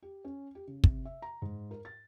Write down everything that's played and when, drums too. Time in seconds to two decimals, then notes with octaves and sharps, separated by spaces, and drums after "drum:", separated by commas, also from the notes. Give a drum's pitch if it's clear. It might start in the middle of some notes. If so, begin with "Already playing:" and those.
0.02 G4
0.25 C#4
0.55 G4
0.67 C#3
0.84 C3, drum: kick
1.05 E5
1.22 A#5
1.42 G#2
1.71 A#4
1.85 A6